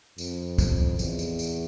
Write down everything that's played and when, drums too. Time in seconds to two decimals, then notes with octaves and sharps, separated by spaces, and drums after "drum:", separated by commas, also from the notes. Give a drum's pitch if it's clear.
0.18 F2, drum: tambourine
0.58 drum: kick, tambourine
0.99 E2, drum: tambourine
1.19 drum: tambourine
1.39 drum: tambourine